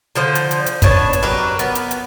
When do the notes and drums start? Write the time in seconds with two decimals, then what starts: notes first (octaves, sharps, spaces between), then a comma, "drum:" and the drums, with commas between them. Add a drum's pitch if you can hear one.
0.15 D3 F3 C5
0.35 drum: hi-hat
0.51 drum: hi-hat
0.66 drum: hi-hat
0.82 B3 D4 C#5 A5, drum: kick, hi-hat
1.13 drum: hi-hat
1.23 F#3 G4 A#4 B4
1.59 B3, drum: hi-hat
1.75 drum: hi-hat
1.91 drum: hi-hat